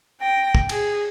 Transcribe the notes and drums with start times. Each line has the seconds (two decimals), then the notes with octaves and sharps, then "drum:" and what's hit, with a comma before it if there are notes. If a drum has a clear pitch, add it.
0.21 G5 A#6
0.55 drum: kick
0.69 G#4, drum: cymbal